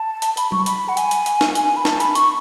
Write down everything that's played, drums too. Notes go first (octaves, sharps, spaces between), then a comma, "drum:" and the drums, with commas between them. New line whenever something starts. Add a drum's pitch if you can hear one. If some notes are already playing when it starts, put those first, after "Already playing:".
Already playing: A5
drum: hi-hat
B5, drum: hi-hat
C#6, drum: tom F#3
B5, drum: hi-hat
F#5
G#5, drum: hi-hat
drum: hi-hat
drum: hi-hat
drum: snare
G#5, drum: hi-hat
B5
A5, drum: snare
B5, drum: hi-hat
C#6, drum: hi-hat